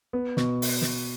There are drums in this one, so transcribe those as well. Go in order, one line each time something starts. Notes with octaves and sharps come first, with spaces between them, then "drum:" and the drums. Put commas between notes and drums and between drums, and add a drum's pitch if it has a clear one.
B3
B2, drum: snare
drum: open hi-hat
drum: snare